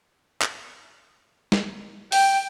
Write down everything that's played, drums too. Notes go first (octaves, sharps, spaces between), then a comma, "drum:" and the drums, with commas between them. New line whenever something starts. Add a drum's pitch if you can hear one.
drum: clap
drum: snare
G5, drum: open hi-hat